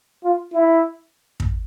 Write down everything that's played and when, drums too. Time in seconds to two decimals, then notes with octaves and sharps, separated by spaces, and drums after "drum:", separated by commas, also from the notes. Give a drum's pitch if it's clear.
0.24 F4
0.53 E4
1.40 drum: kick